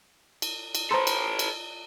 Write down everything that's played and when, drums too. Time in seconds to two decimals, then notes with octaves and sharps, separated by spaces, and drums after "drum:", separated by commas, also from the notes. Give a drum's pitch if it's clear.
0.42 drum: cymbal
0.75 drum: cymbal
0.91 A4 B4 C5 A#5 C6
1.07 drum: cymbal
1.39 drum: cymbal